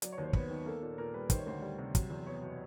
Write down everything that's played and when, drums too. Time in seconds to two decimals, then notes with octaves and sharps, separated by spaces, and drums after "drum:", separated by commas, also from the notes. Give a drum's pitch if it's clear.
0.02 F#3 D5, drum: hi-hat
0.12 C#5
0.18 D#2 C5
0.33 B3 B4, drum: kick
0.50 D#3
0.66 A#3 A4
0.82 A#2
0.98 A#2 A#4
1.14 G3 B4
1.30 D#3 C5, drum: kick, hi-hat
1.38 C#5
1.46 D2 C5
1.62 G3
1.78 C3
1.95 F#3, drum: kick, hi-hat
2.10 E2
2.26 B3 C#5
2.43 B2